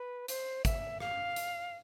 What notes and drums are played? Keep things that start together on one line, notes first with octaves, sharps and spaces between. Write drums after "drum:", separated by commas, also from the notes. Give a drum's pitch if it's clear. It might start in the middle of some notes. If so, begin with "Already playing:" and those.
Already playing: B4
C5, drum: hi-hat
E5, drum: kick, hi-hat
F5, drum: rim click
drum: hi-hat